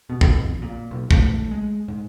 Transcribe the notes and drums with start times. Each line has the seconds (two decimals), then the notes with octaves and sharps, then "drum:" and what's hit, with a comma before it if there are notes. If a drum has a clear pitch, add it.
0.09 B2
0.21 drum: kick
0.32 F2
0.62 A#2
0.91 B1
1.11 A3, drum: kick
1.51 G#3
1.88 G#2